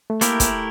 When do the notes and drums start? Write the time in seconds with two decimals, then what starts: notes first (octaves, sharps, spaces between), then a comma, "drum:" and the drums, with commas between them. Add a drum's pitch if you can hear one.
0.10 A3
0.21 A3 A#3 E4 G4 A#4, drum: hi-hat
0.40 drum: kick, hi-hat